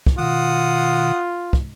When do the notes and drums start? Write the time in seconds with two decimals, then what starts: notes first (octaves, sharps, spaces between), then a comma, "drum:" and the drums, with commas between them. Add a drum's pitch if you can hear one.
0.07 drum: kick
0.19 B2 D#3 F4 F#5 D#6
1.53 drum: kick